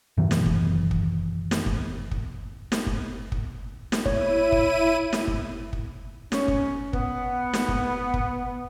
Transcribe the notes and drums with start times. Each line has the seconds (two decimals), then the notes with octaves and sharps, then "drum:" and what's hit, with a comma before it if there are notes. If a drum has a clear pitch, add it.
0.17 F#2 B2 D#3 E3
0.31 drum: snare
0.46 drum: kick
0.91 drum: kick
1.51 drum: snare
1.66 drum: kick
2.11 drum: kick
2.72 drum: snare
2.87 drum: kick
3.32 drum: kick
3.92 drum: snare
4.06 E4 C#5 D#7, drum: kick
4.52 drum: kick
5.13 drum: snare
5.28 drum: kick
5.73 drum: kick
6.32 C#4, drum: snare
6.48 drum: kick
6.93 B3, drum: kick
7.53 drum: snare
7.69 drum: kick
8.14 drum: kick